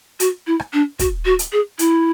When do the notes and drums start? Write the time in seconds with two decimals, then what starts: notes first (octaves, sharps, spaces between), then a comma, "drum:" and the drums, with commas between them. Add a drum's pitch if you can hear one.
0.20 F#4, drum: hi-hat
0.47 E4
0.60 drum: rim click
0.73 D4
0.99 F#4, drum: kick, hi-hat
1.25 F#4
1.39 drum: hi-hat
1.52 G#4
1.79 E4, drum: hi-hat